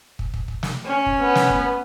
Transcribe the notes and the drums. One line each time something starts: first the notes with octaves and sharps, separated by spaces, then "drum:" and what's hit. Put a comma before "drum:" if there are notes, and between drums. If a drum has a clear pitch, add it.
drum: kick
drum: kick
drum: kick
drum: snare
C#4
drum: kick
B3
drum: snare
drum: kick